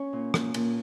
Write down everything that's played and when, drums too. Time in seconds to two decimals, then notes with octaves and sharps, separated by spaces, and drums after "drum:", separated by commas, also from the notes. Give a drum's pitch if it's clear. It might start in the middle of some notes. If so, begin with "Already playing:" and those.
Already playing: C#4 C#5
0.13 A#2
0.34 A#2, drum: rim click
0.54 A#2, drum: cymbal